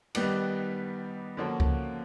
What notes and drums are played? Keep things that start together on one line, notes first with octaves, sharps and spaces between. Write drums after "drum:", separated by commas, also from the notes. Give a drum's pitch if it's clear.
D#3 G3 B3 D4, drum: cymbal
D3 F3 A#3 C#4 F#4
drum: kick C#2